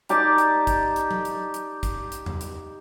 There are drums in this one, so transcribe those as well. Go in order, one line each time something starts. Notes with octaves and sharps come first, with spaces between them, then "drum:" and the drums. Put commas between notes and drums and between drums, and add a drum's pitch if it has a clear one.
D#4 G4 D5 A5, drum: hi-hat
drum: hi-hat
drum: kick, hi-hat
drum: hi-hat
drum: tom F#3
drum: hi-hat
drum: hi-hat
drum: kick, hi-hat
drum: hi-hat
drum: tom E2
drum: hi-hat